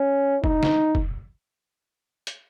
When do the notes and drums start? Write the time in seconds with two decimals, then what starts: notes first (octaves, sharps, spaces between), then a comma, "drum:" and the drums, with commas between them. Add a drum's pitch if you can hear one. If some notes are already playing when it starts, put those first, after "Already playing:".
Already playing: C#4
0.44 D#4, drum: kick F1
0.63 drum: snare
0.95 drum: kick F1
2.27 drum: hi-hat